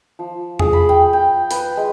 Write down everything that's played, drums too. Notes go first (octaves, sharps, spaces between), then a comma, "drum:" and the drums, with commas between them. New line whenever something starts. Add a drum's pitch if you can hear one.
F3
G#4, drum: tom E2
B5
G5
G5
B4, drum: open hi-hat
G#3